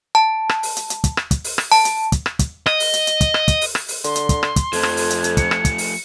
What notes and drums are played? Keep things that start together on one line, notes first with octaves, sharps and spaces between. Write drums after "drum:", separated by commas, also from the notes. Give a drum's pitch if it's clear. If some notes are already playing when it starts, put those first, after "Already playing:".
A5
drum: rim click
drum: open hi-hat
drum: hi-hat
drum: hi-hat
drum: kick, hi-hat
drum: rim click
drum: kick, hi-hat
drum: open hi-hat
drum: rim click
A5, drum: open hi-hat
drum: hi-hat
drum: kick, hi-hat
drum: rim click
drum: kick, hi-hat
D#5, drum: rim click
drum: open hi-hat
drum: hi-hat
drum: hi-hat
drum: kick, hi-hat
drum: rim click
drum: kick, hi-hat
drum: open hi-hat
drum: rim click
drum: open hi-hat
D3 C6, drum: hi-hat
drum: hi-hat
drum: kick, hi-hat
drum: rim click
drum: kick, hi-hat
F2 F3 A3 A5 F#6 G#6, drum: open hi-hat
drum: rim click
drum: open hi-hat
drum: hi-hat
drum: hi-hat
C#7, drum: kick, hi-hat
drum: rim click
drum: kick, hi-hat
drum: open hi-hat